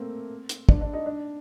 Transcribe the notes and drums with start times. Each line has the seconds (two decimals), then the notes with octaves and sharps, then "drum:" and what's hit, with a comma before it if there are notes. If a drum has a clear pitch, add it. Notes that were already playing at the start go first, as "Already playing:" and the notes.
Already playing: A3 A#3 C4
0.49 drum: hi-hat
0.69 D4, drum: kick
0.81 D4
0.93 D#4
1.06 D4